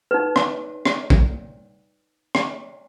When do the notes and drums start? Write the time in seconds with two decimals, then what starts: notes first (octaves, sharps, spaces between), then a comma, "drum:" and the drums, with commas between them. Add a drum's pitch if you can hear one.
0.11 D#4 B4
0.36 drum: rim click
0.85 drum: rim click
1.10 drum: kick
2.35 drum: rim click